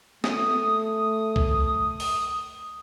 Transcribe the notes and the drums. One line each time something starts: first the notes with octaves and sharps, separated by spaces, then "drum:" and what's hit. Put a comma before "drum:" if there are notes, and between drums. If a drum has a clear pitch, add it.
A3 D#6, drum: snare
drum: kick C#2
drum: open hi-hat